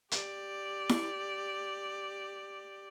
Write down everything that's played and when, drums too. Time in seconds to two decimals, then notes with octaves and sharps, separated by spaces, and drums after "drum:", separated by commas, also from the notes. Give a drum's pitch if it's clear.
0.11 G4 D5, drum: hi-hat
0.89 drum: snare E4